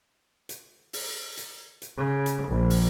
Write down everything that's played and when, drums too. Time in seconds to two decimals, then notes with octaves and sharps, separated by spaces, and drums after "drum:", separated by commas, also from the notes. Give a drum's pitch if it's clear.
0.49 drum: hi-hat
0.93 drum: open hi-hat
1.37 drum: hi-hat
1.82 drum: hi-hat
1.98 C#3
2.26 drum: hi-hat
2.48 A#1
2.70 drum: open hi-hat